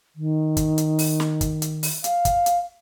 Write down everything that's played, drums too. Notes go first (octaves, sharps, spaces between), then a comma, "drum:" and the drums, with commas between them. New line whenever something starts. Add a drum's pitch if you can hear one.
D#3
drum: kick, hi-hat
drum: hi-hat
drum: open hi-hat
drum: snare
drum: kick, hi-hat
drum: hi-hat
drum: open hi-hat
F5, drum: hi-hat
drum: kick, hi-hat
drum: hi-hat